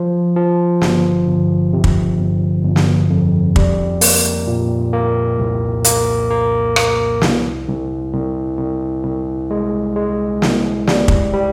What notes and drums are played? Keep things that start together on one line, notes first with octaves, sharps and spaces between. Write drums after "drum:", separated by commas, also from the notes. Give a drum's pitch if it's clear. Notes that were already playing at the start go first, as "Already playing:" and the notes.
Already playing: F3
F3
G1, drum: snare
G1
C3
drum: kick
G1
G1
drum: snare
F2
G3, drum: kick
A#3, drum: open hi-hat
A#2
A#3
C2
A#3, drum: hi-hat
A#3
A#3, drum: rim click
C2, drum: snare
C2
C2
C2
C2
G#3
G#3
C2, drum: snare
G3, drum: snare
drum: kick
G3